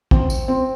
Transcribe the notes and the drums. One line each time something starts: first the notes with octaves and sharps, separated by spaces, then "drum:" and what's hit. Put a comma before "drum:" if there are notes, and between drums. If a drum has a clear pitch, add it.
C4, drum: kick
drum: tambourine
C4